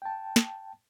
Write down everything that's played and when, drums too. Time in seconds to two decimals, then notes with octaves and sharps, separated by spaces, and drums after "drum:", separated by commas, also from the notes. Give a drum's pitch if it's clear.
0.02 G5 A5
0.36 drum: snare